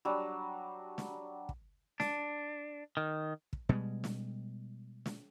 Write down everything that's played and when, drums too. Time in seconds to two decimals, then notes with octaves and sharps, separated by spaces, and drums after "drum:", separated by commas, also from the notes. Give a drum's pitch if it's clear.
0.05 F#3 G3 D4
0.98 drum: snare
1.49 drum: kick
2.00 D4, drum: snare
2.97 D#3
3.53 drum: kick
3.69 B2 G3 G#3
4.04 drum: snare
5.06 drum: snare